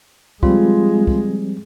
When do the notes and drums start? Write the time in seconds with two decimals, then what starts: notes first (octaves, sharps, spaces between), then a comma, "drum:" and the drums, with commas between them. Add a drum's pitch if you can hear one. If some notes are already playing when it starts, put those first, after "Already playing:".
0.43 F3 G3 G#3 C4 F4, drum: kick
1.07 drum: kick